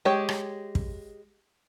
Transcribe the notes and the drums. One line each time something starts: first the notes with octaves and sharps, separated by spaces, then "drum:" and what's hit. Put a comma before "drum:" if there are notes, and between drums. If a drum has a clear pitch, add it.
G#3 G4 C#5 G5
drum: rim click
drum: kick